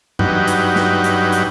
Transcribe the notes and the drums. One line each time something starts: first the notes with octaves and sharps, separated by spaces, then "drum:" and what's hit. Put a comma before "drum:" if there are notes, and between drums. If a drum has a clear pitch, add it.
G2 F#3 D#4 B4 F#5 G5, drum: tom F#2
drum: hi-hat
drum: snare
drum: hi-hat
drum: hi-hat